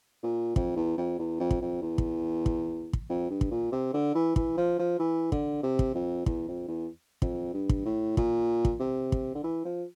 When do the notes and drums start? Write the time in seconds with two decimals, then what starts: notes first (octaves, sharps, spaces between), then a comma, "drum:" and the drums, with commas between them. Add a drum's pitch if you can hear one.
0.23 A#2
0.56 F2, drum: kick
0.76 E2
0.98 F2
1.19 E2
1.40 F2
1.51 drum: kick
1.62 F2
1.82 E2
1.98 drum: kick
2.46 drum: kick
2.93 drum: kick
3.09 F2
3.31 G2
3.41 drum: kick
3.51 A#2
3.72 C3
3.94 D3
4.15 E3
4.36 E3, drum: kick
4.57 F3
4.79 F3
4.99 E3
5.32 D3, drum: kick
5.63 C3
5.79 drum: kick
5.95 F2
6.26 E2, drum: kick
6.48 F2
6.68 E2
7.22 F2, drum: kick
7.54 G2
7.69 drum: kick
7.86 A2
8.17 A#2, drum: kick
8.65 drum: kick
8.80 C3
9.12 drum: kick
9.35 D3
9.44 E3
9.65 F3